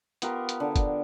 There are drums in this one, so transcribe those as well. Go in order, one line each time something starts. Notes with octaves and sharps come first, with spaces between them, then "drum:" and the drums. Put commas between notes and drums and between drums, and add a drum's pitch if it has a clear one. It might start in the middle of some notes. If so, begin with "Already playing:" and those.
B3 F4 G4 A#4, drum: hi-hat
drum: hi-hat
D3
drum: kick, hi-hat